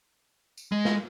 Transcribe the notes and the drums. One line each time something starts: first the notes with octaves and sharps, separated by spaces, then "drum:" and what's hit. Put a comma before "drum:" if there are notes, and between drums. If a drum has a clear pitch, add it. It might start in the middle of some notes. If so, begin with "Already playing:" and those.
drum: tambourine
G#3
drum: snare